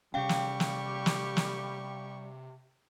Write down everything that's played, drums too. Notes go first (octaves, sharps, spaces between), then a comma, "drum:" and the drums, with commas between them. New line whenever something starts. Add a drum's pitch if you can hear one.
C3 G3 C#4 G4 F5 G5 C#6
drum: snare
drum: snare
drum: snare
drum: snare